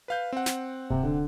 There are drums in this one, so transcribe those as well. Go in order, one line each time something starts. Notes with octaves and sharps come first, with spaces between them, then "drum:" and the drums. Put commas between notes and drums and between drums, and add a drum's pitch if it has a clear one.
B4 F5 G6
C4 F#5
drum: snare
C3, drum: kick D1
D3